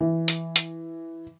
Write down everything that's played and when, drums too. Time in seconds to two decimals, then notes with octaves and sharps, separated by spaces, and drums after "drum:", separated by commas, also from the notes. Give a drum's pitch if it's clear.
0.01 E3
0.28 drum: hi-hat
0.56 drum: hi-hat